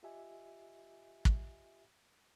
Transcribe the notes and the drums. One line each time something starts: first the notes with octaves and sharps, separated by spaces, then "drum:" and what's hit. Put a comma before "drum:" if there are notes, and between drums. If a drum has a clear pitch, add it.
F4 G4 D#5 E5 G#5
drum: kick